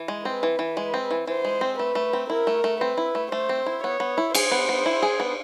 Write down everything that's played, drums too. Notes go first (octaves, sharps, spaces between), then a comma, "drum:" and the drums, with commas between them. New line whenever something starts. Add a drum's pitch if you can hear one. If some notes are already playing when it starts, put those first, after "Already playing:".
Already playing: E3
G#3
C4 B4
E3
E3
G#3
C4
E3
E3 C5
G#3
C4
A3 B4
A3
C4
E4 A#4
A3
A3
C4 B4
E4
A3
A3 C5
C4
E4
B3 C#5
B3
E4
G#4 C5, drum: cymbal
B3
B3
E4
G#4
B3